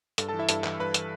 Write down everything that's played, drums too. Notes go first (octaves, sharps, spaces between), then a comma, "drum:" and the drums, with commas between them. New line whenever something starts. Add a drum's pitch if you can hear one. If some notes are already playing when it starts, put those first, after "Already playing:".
G2 A4, drum: hi-hat
E3 A4 A5
E4 E5
G2 A4 A5, drum: hi-hat
E3, drum: clap
G2 B4 B5
E3, drum: hi-hat